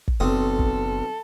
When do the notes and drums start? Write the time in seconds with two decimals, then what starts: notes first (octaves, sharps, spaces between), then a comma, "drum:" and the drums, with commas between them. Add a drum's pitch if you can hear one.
0.08 drum: kick
0.20 F#1 B1 C4 A4 D#6
0.59 drum: kick